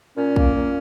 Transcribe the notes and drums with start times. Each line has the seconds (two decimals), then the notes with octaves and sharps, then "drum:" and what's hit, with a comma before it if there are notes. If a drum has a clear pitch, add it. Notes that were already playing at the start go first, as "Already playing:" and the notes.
0.17 A#2 C#4
0.36 A#3, drum: kick
0.54 A#2